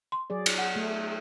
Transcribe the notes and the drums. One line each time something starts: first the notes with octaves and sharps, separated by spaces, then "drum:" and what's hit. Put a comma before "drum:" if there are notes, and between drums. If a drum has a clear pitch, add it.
C6
F#3 G#4 D5
drum: cymbal
F#5
A3